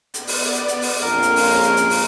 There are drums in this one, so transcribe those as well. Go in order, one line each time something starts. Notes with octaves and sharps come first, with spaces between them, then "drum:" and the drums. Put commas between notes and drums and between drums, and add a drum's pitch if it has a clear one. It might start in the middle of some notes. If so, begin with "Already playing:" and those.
B3 D5, drum: hi-hat
drum: open hi-hat
drum: hi-hat
drum: hi-hat
drum: open hi-hat
A#1 F2 C#4 A#4 F5 C6
drum: hi-hat
drum: open hi-hat
drum: hi-hat
drum: hi-hat
drum: open hi-hat